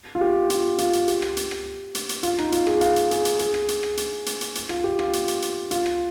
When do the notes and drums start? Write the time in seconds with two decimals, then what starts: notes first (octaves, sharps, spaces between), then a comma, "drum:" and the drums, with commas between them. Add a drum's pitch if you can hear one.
0.15 F4
0.21 G4
0.50 F4, drum: hi-hat
0.78 F4, drum: hi-hat
0.93 drum: hi-hat
1.08 G4, drum: hi-hat
1.22 drum: rim click
1.37 drum: hi-hat
1.51 drum: rim click
1.95 drum: hi-hat
2.09 drum: hi-hat
2.23 F4, drum: hi-hat
2.38 D#4, drum: rim click
2.52 F4, drum: hi-hat
2.67 G#4, drum: rim click
2.81 F5, drum: hi-hat
2.96 drum: hi-hat
3.11 G#4, drum: hi-hat
3.25 drum: hi-hat
3.39 G#4, drum: hi-hat
3.54 drum: rim click
3.68 drum: hi-hat
3.83 drum: rim click
3.97 drum: hi-hat
4.26 drum: hi-hat
4.41 drum: hi-hat
4.55 drum: hi-hat
4.69 F4, drum: rim click
4.84 G4
4.99 F4, drum: rim click
5.13 drum: hi-hat
5.28 drum: hi-hat
5.42 drum: hi-hat
5.71 F4, drum: hi-hat
5.86 drum: rim click